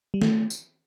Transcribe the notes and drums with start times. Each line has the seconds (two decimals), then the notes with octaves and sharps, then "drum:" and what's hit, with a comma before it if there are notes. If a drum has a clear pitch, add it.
0.14 G3
0.22 A3, drum: snare
0.50 drum: tambourine